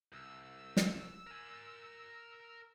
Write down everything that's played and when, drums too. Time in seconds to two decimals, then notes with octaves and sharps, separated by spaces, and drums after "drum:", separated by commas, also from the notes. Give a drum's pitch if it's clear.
0.12 C2 E6
0.77 drum: snare
1.27 A#4 G#5